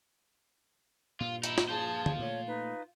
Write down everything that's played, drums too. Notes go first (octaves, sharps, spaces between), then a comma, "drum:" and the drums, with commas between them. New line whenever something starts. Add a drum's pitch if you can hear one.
G2 A#2 F4
D#4 E4, drum: hi-hat
drum: snare
F4 G#4 C5 A5
D2, drum: tom
A#2 A3 C#5
D#4 B4